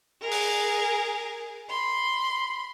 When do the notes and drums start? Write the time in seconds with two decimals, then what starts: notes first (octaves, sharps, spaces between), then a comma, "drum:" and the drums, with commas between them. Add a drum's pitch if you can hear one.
0.21 G#4 A#4
0.31 drum: open hi-hat
1.69 B5 C6